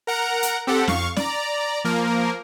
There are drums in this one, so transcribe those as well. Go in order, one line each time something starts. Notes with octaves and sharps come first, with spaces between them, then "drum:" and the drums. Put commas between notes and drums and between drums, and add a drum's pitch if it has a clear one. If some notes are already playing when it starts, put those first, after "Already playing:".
A#4 F#5 A#5
drum: hi-hat
C4 G4 A4 F#5
F2 F5 C#6, drum: snare C#4
D5 A#5, drum: snare C#4
F3 A#3 A#4